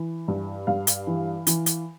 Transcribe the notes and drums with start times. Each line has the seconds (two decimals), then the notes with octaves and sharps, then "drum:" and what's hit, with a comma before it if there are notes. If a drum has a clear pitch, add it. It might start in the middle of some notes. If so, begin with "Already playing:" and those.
Already playing: E3
0.28 G2
0.67 G2 F5
0.87 drum: hi-hat
1.07 E3
1.47 E3, drum: hi-hat
1.66 drum: hi-hat